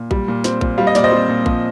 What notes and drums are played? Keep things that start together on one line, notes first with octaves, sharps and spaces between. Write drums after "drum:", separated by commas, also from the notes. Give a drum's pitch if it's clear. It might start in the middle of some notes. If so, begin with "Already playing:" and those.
Already playing: A#2
G3, drum: kick A#1
A#2
C4, drum: snare
A#2, drum: kick A#1
G3 F5
D#5
A#2 D5, drum: snare
C5 D#5
C4
A#2
F3, drum: kick A#1